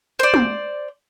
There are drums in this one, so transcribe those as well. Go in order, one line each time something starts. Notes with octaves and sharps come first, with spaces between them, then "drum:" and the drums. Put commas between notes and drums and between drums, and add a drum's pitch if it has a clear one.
C5 D5
drum: tom